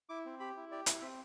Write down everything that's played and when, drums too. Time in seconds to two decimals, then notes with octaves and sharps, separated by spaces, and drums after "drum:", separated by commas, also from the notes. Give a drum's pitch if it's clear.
0.09 E4 D6
0.26 C4
0.40 G4 B5
0.57 E4
0.71 G4 D5
0.86 E4, drum: hi-hat
1.02 C4 E5